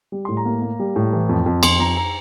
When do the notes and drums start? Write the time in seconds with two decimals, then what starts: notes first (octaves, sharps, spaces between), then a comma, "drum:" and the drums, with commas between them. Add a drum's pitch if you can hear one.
0.12 G3
0.25 A2 C6
0.37 A#5
0.45 A#3
0.62 A#3
0.79 G3
0.96 A2
1.13 E3
1.29 F2
1.46 F2
1.63 F2 C6, drum: cymbal
1.79 F2 A#5
1.97 A#5